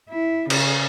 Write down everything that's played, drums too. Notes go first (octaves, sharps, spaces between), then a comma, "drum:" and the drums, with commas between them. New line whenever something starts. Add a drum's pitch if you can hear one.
E4
C#3, drum: cymbal